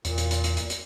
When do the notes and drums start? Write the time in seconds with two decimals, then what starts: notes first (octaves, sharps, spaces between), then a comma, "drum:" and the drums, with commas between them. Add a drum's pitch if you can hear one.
0.05 E2 A#2, drum: hi-hat
0.18 drum: hi-hat
0.31 drum: hi-hat
0.44 drum: hi-hat
0.57 drum: hi-hat
0.70 drum: hi-hat